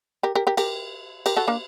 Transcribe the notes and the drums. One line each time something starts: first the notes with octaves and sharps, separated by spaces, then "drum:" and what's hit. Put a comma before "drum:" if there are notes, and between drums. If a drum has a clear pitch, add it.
G4 A#4
G4 A#4
G4 A#4
G4 A#4, drum: cymbal
G4 A#4, drum: cymbal
F#4 A4
A#3 D4